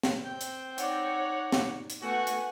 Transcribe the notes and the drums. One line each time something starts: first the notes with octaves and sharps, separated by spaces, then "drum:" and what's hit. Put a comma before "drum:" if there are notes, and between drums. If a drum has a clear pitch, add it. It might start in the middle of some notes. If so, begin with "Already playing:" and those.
drum: snare
C4 G5
drum: hi-hat
D#4 C#5 D5 F#5, drum: hi-hat
drum: snare
drum: hi-hat
A3 B3 F#4 F#5 G#5
drum: hi-hat